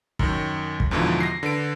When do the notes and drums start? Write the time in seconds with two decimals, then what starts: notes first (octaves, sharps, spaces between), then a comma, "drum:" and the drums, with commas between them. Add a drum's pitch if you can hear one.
0.19 F#2 D#3, drum: kick
0.80 drum: kick
0.91 E2 G#2 B2 D3 F3 E4
1.20 A#6 C7
1.43 D3 B4 D7